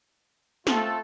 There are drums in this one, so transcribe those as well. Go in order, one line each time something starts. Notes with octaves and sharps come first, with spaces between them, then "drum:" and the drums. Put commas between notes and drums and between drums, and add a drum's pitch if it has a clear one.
A3 C4 F4 A4, drum: snare